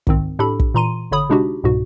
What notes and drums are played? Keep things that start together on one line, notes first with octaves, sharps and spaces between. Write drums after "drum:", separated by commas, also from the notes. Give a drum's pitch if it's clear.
C#2 G#2 D#3 C4, drum: kick
A2 D4 G4 A4 B5
drum: kick
A#2 E3 A#5 C6 D#7
G#1 D3 C#5 B5 D#6
C3 G#3 D4 D#4 F#4 G4
C2 G#2 B2 F#4